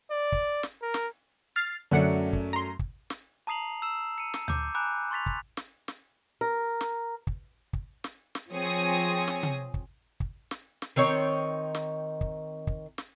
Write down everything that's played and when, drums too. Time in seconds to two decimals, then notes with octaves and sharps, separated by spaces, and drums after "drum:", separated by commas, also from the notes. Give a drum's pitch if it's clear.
0.11 D5
0.32 drum: kick
0.63 drum: snare
0.82 A#4
0.94 drum: snare
1.56 F6 A6 C7
1.91 F#2 D3 F#3 A3 C#4 D5 F#5 C#7
2.33 drum: kick
2.53 A#5 C6
2.79 drum: kick
3.10 drum: snare
3.47 A5 A#5 D#6 C7 F7 F#7
3.82 E6 E7
4.18 C#7 D#7
4.34 drum: snare
4.48 D6 G6, drum: tom D2
4.75 G#5 A#5 B5 D6 F#6 G6
5.11 C6 C#6 A6 B6 F7
5.26 drum: kick
5.57 drum: snare
5.88 drum: snare
6.41 A#4
6.81 drum: snare
7.27 drum: kick
7.73 drum: kick
8.04 drum: snare
8.35 drum: snare
8.51 F3 C4 G#4 C#5 D#6 A#6
9.28 drum: snare
9.43 drum: tom C3
9.74 drum: kick
10.20 drum: kick
10.51 drum: snare
10.82 drum: snare
10.96 D#3 C4 D#4 C#5
11.75 drum: snare
12.21 drum: kick
12.67 drum: kick
12.98 drum: snare